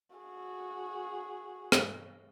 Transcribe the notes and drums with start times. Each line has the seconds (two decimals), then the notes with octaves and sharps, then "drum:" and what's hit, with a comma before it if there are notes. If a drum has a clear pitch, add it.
0.16 F#4 G#4
1.72 drum: rim click